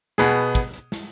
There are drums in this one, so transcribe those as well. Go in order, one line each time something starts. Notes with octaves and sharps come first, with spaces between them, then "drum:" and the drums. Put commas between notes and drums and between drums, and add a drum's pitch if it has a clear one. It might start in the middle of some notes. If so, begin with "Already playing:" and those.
B2 B3 G#4, drum: snare
drum: hi-hat
drum: kick, hi-hat
drum: hi-hat
drum: snare